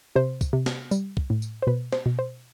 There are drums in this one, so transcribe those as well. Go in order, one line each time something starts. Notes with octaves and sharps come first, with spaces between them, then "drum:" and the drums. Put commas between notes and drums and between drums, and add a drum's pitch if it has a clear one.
C3 C5
drum: kick, tambourine
C3
drum: snare
G3, drum: tambourine
drum: kick
A2
drum: tambourine
C5
B2 B4
C5, drum: snare
B2
C5